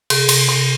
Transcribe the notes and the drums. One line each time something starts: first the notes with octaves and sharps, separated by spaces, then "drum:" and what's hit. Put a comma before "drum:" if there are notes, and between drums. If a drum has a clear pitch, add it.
C3 G#4, drum: cymbal
C3, drum: cymbal
C3